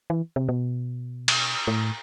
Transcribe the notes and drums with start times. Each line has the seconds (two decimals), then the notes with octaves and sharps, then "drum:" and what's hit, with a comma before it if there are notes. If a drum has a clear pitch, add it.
0.10 E3
0.36 C3
0.49 B2
1.28 drum: cymbal
1.67 A2